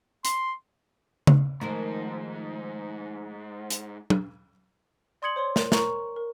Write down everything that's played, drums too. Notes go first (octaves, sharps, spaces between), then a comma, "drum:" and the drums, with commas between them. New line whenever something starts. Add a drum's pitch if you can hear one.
C6, drum: hi-hat
drum: tom C#3
G#2 D#3 F3 A3 A#4 A#5
drum: hi-hat
drum: tom F#3
D5 C6 D#6 G#6 C#7 F#7
C5 C#5 C6
A#4, drum: snare
A#4 A#5 C#6, drum: snare
A#4